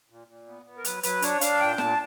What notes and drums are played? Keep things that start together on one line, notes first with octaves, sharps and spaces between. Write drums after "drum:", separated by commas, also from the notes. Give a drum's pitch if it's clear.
A#2
A#2
B3
B3
A#4
F#3 B4, drum: hi-hat
F#3 B4, drum: hi-hat
D4 C#5, drum: hi-hat
D4 F5, drum: hi-hat
A#2 G5
A#2 A5, drum: snare